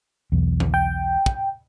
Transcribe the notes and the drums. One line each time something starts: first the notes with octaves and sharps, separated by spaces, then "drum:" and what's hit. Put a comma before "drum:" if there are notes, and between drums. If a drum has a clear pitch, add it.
B1 E2
drum: tom D3
G5
drum: kick